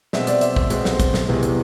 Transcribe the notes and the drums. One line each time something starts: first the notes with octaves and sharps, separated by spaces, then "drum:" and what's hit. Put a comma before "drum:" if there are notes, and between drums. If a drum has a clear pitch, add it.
B2 G#3 C4 E5, drum: snare
D5, drum: hi-hat
E5, drum: hi-hat
drum: kick
B2 G#3 C4, drum: hi-hat
drum: snare
drum: kick, hi-hat
drum: snare
E2 C3 G#3 B3
drum: hi-hat